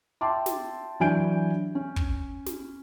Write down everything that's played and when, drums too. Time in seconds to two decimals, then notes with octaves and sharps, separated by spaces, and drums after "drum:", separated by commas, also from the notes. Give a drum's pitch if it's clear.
0.21 E5 G5 A5 C6 D6
0.46 drum: snare
1.00 E3 F#3 D4 G#5 G6 D7
1.75 C#4
1.96 drum: kick
2.46 drum: snare